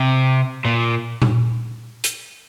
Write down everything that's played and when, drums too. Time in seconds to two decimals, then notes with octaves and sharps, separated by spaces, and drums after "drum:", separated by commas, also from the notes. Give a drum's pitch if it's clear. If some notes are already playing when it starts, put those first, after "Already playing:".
Already playing: C3
0.65 A#2
1.22 drum: tom A#2
2.04 drum: hi-hat